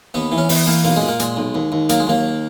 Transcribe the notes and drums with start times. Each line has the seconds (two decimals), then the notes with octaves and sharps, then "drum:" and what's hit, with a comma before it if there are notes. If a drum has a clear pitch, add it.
0.14 D#2 B3
0.32 E3
0.38 C#4
0.49 E3 B3, drum: open hi-hat
0.67 E3 A#3
0.84 B1 A#3
0.96 G#3
1.01 A#2
1.08 A#3
1.20 A#2 G#3, drum: hi-hat
1.37 B1
1.55 D#2
1.72 D#2
1.89 F#3 A#3, drum: hi-hat
2.00 G#3
2.07 D#2 A#3